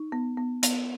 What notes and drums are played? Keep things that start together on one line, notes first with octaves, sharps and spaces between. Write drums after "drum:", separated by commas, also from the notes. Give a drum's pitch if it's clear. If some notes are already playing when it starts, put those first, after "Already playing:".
Already playing: D#4
B3
B3
B3, drum: hi-hat